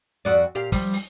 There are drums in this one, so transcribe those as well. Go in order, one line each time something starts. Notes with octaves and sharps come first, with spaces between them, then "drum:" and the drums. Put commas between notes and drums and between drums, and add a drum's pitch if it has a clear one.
F2 F#4 D5
A#2 G4 F5
F3 G3, drum: kick, open hi-hat
drum: open hi-hat